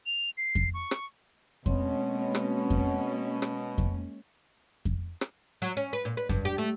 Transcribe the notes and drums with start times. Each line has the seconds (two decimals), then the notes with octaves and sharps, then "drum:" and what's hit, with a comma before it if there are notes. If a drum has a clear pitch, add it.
0.06 F7
0.37 C7
0.55 drum: kick F2
0.74 C#6
0.91 drum: rim click
1.66 B2 G#3 A#3 C4 C#4 C#5, drum: kick F2
2.35 drum: rim click
2.70 drum: kick F2
3.42 drum: rim click
3.78 drum: kick F2
4.85 drum: kick F2
5.21 drum: rim click
5.62 F#3
5.77 C#4
5.93 B4
6.05 A#2
6.17 B4
6.29 G2, drum: kick F2
6.45 G4
6.58 A3